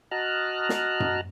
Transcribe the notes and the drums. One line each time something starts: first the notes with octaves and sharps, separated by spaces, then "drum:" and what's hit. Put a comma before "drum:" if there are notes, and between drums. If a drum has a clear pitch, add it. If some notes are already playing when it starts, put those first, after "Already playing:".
F#4 D#5 A5 A#5 F6 F#6
drum: snare
drum: tom F#2